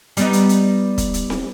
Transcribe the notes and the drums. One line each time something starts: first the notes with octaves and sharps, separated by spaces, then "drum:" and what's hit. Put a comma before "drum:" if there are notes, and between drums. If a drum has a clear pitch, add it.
G3 B3 D#4, drum: hi-hat
drum: hi-hat
drum: hi-hat
drum: kick, hi-hat
drum: hi-hat
drum: snare C4